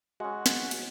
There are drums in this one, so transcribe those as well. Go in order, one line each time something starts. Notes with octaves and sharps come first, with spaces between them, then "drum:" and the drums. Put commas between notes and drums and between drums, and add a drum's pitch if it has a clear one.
G#3 C#4 F#4
drum: snare
drum: cymbal